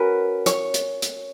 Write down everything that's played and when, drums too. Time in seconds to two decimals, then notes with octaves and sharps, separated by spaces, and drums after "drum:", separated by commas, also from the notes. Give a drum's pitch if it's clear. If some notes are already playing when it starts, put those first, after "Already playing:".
Already playing: C#4 F#4 A#4 B4
0.46 C#5, drum: hi-hat
0.74 drum: hi-hat
1.02 drum: hi-hat